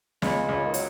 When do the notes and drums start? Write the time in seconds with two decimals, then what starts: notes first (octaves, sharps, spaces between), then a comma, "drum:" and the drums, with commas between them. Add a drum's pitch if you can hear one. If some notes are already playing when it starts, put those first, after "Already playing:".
0.22 C#2 G#3, drum: snare
0.49 C#2
0.65 D#3
0.74 F#3, drum: hi-hat